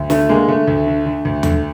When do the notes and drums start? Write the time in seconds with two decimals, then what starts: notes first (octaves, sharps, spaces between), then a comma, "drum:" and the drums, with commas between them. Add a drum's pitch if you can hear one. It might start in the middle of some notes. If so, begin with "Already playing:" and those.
Already playing: D2
0.10 D3 A3, drum: snare
0.29 D3 G#3 A#3
0.48 D3 A3
0.68 D2
0.87 D3
1.06 D3
1.25 D2
1.43 D3, drum: tom D#2